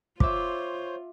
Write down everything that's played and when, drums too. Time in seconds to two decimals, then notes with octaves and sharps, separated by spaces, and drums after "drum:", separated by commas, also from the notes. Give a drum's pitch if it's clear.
0.20 F4 C5 C#5 E5 D6, drum: kick